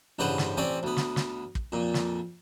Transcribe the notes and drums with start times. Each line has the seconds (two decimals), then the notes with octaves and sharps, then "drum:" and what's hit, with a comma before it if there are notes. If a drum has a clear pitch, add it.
0.19 A1 G2 C#3 B4 C5 F#5
0.38 drum: snare
0.57 A1 C4 C#4 C5 D5 G#5
0.83 D2 B3
0.97 drum: snare
1.16 drum: snare
1.55 drum: kick
1.72 F2 A#2
1.94 drum: snare